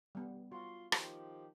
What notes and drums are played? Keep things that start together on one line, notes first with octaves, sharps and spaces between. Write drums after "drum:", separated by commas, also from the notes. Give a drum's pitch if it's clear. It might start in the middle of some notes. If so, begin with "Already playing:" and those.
G3 B3
F4 F#4 C6
D#3 F3 G4 C5, drum: rim click